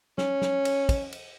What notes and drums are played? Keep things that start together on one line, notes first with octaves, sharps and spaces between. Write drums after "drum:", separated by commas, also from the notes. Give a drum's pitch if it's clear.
C#4, drum: snare
drum: snare
drum: cymbal
drum: kick, cymbal
drum: cymbal